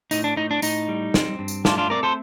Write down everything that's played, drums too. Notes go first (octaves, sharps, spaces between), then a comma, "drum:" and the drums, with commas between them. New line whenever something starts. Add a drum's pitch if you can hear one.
A2 D#4, drum: tambourine
D4
A2 D#4
D4
A2 D#4, drum: tambourine
G3
C4, drum: snare
G2
drum: tambourine
A3 D4 F4, drum: snare
D4 F4
C4 A#4 D5
A4 C5